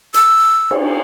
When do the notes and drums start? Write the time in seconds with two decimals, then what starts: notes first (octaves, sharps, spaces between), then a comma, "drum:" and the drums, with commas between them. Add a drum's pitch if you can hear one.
0.14 E6, drum: hi-hat
0.71 drum: cymbal